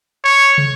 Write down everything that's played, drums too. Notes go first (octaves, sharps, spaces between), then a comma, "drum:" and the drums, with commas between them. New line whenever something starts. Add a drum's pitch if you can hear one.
C#5
drum: tom